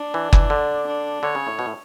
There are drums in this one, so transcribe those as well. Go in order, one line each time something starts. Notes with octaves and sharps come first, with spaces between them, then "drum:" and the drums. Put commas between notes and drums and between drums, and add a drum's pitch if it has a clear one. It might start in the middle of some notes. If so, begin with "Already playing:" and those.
Already playing: D4
E3
E3, drum: kick F#1
D3
D4
D3 C#5
C#3
A2
B2
A2